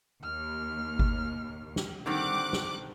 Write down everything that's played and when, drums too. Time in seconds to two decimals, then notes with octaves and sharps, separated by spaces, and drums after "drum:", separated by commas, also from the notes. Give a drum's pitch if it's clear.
0.23 D#2 F6
0.99 drum: kick G1
1.76 drum: snare
2.06 D3 D#3 G3 C4 F#5 D6 F#6
2.53 drum: snare